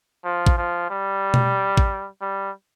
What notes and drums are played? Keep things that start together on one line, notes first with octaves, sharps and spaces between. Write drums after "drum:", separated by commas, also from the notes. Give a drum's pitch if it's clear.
F3
drum: kick A1
F3
G3
drum: tom B2
drum: kick A1
G3